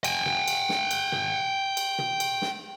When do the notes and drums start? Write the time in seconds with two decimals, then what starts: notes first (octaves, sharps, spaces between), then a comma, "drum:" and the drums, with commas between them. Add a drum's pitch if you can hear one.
0.04 G5 G#5, drum: cymbal
0.26 drum: tom
0.48 drum: cymbal
0.69 drum: snare
0.91 drum: cymbal
1.12 drum: tom
1.77 drum: cymbal
1.99 drum: tom
2.20 drum: cymbal
2.42 drum: snare